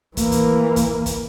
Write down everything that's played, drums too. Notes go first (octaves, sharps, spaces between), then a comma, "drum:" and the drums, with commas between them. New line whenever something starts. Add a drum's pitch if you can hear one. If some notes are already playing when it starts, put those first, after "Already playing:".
E3 A#3, drum: kick, hi-hat
drum: kick, hi-hat
drum: kick, hi-hat
drum: kick, hi-hat